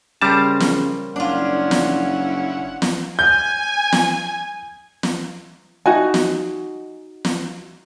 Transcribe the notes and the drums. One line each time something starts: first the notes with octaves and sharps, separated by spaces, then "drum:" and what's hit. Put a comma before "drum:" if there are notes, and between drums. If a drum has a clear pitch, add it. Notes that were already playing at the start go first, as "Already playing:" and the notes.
C#3 G3 A#4 C5 A5
drum: snare
F#1 C#4 D4 E4 F4 F#5
drum: snare
drum: snare
G#5 G6
drum: snare
drum: snare
D#4 F#4 G#5
drum: snare
drum: snare